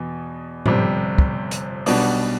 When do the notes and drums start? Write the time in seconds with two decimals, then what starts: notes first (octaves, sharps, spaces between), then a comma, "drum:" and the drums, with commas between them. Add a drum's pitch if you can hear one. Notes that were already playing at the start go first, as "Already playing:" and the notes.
Already playing: E2 B2
0.66 G1 F2 C3 G3 C4, drum: tom A2
1.18 drum: kick
1.51 drum: hi-hat
1.86 B1 B2 G3 B3 D4, drum: open hi-hat